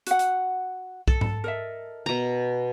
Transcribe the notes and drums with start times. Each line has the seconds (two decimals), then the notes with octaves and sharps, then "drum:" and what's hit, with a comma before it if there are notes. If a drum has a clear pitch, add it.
0.07 F#4 F#5, drum: hi-hat
0.19 drum: hi-hat
1.08 A4, drum: kick B1
1.21 drum: tom G#2
1.44 A#4 D#5 E5
2.06 B2 A#5